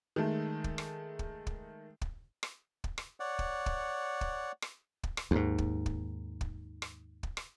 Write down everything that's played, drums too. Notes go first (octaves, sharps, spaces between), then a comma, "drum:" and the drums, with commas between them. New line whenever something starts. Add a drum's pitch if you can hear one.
D#3 G#3 A3
drum: kick
drum: rim click
drum: kick
drum: kick
drum: kick
drum: rim click
drum: kick
drum: rim click
C#5 D5 F#5
drum: kick
drum: kick
drum: kick
drum: rim click
drum: kick
drum: rim click
D#2 G#2
drum: kick
drum: kick
drum: kick
drum: rim click
drum: kick
drum: rim click